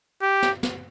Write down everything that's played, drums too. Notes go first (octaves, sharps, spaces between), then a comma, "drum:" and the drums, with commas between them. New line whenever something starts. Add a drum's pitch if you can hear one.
G4
drum: snare
drum: snare